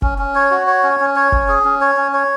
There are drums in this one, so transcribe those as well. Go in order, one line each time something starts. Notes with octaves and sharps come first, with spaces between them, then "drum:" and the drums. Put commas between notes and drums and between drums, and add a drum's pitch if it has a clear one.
C#4, drum: kick
C#4
C#5
F#4
C#5
C#4
C#4
C#5
C#4, drum: kick
G#4
C#4
C#5
C#4
C#5